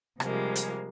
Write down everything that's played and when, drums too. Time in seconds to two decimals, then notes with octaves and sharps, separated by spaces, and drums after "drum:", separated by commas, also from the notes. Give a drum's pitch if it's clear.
0.20 C3 F3 G3 G#3 A#3, drum: rim click
0.56 drum: hi-hat